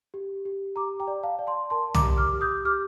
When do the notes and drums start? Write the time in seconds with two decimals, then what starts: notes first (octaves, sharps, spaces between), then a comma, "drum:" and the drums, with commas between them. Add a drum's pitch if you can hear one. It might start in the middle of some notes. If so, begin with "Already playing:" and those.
0.14 G4
0.45 G4
0.76 G4 A#5 D6
1.00 G5 A#5
1.07 D5
1.23 F5 A5
1.39 D5
1.47 A5 C6
1.70 A#4 A5 C6
1.94 A#5 D6, drum: tom
2.02 G4
2.17 D6 F6
2.33 G4
2.41 D#6 G6
2.65 G4 D6 F6